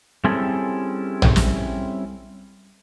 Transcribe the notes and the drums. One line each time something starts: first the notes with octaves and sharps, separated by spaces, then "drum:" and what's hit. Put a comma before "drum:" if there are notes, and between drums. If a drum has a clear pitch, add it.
G3 C4 C#4 E4 G#4 A4
drum: tom A#1
drum: snare